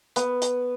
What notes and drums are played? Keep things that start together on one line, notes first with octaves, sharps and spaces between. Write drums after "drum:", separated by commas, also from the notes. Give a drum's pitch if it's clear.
B3, drum: hi-hat
drum: hi-hat